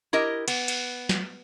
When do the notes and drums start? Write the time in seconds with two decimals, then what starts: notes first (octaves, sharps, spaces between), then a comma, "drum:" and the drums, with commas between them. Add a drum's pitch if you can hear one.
0.13 E4 G4 A#4 D#5
0.48 B3, drum: cymbal
0.68 drum: cymbal
1.09 drum: snare